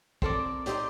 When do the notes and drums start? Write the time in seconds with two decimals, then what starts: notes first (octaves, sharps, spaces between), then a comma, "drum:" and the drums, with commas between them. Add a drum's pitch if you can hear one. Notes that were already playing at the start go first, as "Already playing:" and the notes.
0.22 C4 A4 A#4 D5, drum: kick
0.66 C4 D#4 G4 D5, drum: hi-hat